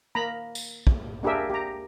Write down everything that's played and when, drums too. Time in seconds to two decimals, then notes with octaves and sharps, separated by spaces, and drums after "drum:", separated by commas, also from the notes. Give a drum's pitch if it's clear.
0.15 A#3 A#5 B5
0.55 drum: tambourine
0.87 drum: kick
1.23 A#3 D4 G4 G#4 A#4 E5
1.50 G4 A#5